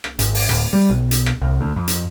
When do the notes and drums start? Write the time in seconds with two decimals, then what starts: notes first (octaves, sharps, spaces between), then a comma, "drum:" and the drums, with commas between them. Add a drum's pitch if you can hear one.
0.04 drum: rim click
0.19 G#1, drum: hi-hat
0.35 drum: open hi-hat
0.49 D1, drum: rim click
0.73 G3
0.90 B1
1.11 drum: hi-hat
1.26 drum: rim click
1.42 C2
1.61 D2
1.76 F2
1.87 drum: hi-hat